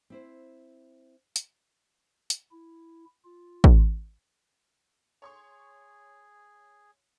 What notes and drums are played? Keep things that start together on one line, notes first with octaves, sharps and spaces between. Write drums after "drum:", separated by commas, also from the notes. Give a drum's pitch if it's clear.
C4 E4 C5
drum: hi-hat
drum: hi-hat
E4
F4
drum: kick
G#4 C#5 C6 C#6